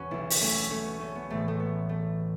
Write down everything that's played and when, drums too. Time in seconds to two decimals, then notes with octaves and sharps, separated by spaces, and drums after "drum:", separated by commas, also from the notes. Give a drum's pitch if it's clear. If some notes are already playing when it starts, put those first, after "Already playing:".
Already playing: E1 E2 C#4 F#4 B4
0.11 B1 B2 B3 E4
0.30 drum: open hi-hat
0.41 A3 C#4
0.70 A3 C#4
0.86 B3
1.00 A3 C#4
1.15 B3
1.30 A1 A2 E3 A3
1.48 A3
1.60 B3
1.89 A3